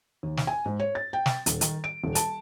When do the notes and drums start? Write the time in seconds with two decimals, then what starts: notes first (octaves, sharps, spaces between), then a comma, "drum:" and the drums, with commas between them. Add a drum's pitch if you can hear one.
0.23 D#2
0.37 drum: snare
0.47 G#5
0.66 G#2
0.80 C#5
0.95 A6
1.13 G5
1.26 drum: snare
1.46 D#1, drum: hi-hat
1.61 D#3, drum: hi-hat
1.84 D7
2.04 D#1
2.15 A5, drum: hi-hat